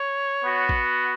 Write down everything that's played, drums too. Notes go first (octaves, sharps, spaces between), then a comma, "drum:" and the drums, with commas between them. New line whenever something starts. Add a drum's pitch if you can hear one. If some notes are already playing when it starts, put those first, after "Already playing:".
Already playing: C#5
B3 F#4
drum: kick A1